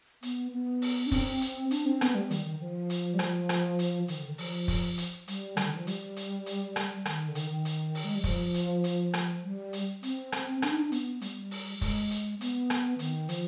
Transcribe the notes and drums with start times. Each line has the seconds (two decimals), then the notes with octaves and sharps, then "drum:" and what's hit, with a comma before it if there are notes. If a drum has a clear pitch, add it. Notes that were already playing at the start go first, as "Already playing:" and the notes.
0.23 B3, drum: hi-hat
0.52 B3
0.82 drum: open hi-hat
1.07 D4
1.11 C4, drum: kick, open hi-hat
1.41 drum: hi-hat
1.71 D4, drum: hi-hat
1.86 C4
2.01 B3, drum: rim click
2.15 G3
2.31 D#3, drum: hi-hat
2.45 D#3
2.60 F3
2.90 drum: hi-hat
3.14 G3
3.19 F3, drum: rim click
3.49 drum: rim click
3.79 drum: hi-hat
4.08 D#3, drum: hi-hat
4.19 D3
4.28 D#3
4.38 F3, drum: open hi-hat
4.68 drum: kick, open hi-hat
4.98 drum: hi-hat
5.28 G3, drum: hi-hat
5.57 D3, drum: rim click
5.67 D#3
5.76 F3
5.87 G3, drum: hi-hat
6.16 drum: hi-hat
6.46 drum: hi-hat
6.76 drum: rim click
7.05 D#3, drum: rim click
7.28 D3
7.35 D#3, drum: hi-hat
7.50 D#3
7.65 drum: hi-hat
7.95 drum: open hi-hat
8.04 G#3
8.15 G3
8.24 F3, drum: kick, open hi-hat
8.54 drum: hi-hat
8.84 drum: hi-hat
9.13 drum: rim click
9.43 G3
9.73 drum: hi-hat
10.03 C4, drum: hi-hat
10.32 drum: rim click
10.62 D4, drum: rim click
10.72 D#4
10.82 D4
10.92 B3, drum: hi-hat
11.21 G3, drum: hi-hat
11.51 drum: open hi-hat
11.81 G#3, drum: kick, open hi-hat
12.11 drum: hi-hat
12.41 B3, drum: hi-hat
12.70 drum: rim click
12.99 D#3, drum: hi-hat
13.29 F3, drum: hi-hat